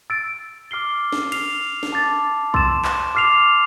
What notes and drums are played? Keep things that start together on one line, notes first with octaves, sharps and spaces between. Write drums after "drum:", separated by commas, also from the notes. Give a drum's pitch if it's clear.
E6 A6 D7
D6 F6 C7 G7
drum: snare
F6 C7 F7, drum: cymbal
drum: snare
A5 D6 A6
C6 E6 A6 E7, drum: kick B1
drum: clap
D6 F6 C7 F7